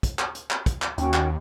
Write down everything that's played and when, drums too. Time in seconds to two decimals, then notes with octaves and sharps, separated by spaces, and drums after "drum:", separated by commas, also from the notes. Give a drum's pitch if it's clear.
0.03 drum: kick, hi-hat
0.19 drum: clap
0.35 drum: hi-hat
0.51 drum: clap
0.66 drum: kick, hi-hat
0.82 drum: clap
0.98 D#2 C#4 F#4 G5, drum: hi-hat
1.14 drum: clap